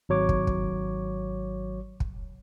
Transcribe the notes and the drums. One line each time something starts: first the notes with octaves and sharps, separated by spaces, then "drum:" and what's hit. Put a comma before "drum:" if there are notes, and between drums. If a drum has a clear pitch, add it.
G#1 F#3 C#5 D6
drum: kick
drum: kick
drum: kick